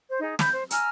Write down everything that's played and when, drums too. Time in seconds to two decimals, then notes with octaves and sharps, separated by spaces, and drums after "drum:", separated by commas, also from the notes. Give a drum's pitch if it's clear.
0.09 C5
0.20 D#4 G#4
0.39 B5 G6, drum: snare
0.53 C5
0.70 G#5 A#5 E6 F6, drum: hi-hat